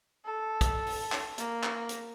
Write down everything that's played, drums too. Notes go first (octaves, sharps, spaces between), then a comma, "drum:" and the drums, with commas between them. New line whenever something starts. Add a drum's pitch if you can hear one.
A4
drum: kick, hi-hat
drum: open hi-hat
drum: clap
A#3, drum: hi-hat
drum: clap
drum: hi-hat